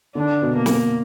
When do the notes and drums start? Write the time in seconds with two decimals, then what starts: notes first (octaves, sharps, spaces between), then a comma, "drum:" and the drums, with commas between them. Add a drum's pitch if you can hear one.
0.15 D3 D4
0.42 B2
0.55 A#3
0.66 drum: snare